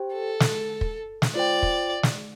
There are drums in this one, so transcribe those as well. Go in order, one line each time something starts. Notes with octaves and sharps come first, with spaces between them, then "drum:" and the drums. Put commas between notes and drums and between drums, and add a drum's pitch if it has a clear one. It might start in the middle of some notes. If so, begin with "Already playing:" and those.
Already playing: G4 C5 G5
A4
drum: snare
drum: kick
drum: snare
F4 C5 D5 G5
drum: kick
drum: snare